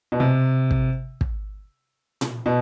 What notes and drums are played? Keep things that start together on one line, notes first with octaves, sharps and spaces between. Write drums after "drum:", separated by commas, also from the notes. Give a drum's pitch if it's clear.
B2
C3
drum: kick
drum: kick
drum: tom A#2
B2